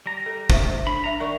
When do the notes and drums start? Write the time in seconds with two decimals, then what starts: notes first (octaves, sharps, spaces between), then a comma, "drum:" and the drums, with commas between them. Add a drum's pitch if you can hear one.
0.06 G3 A#5
0.26 A4
0.50 C5 E5, drum: kick
0.87 D4 B5
1.04 D4 E5 A#5
1.20 D#3 A#4 D5 C#6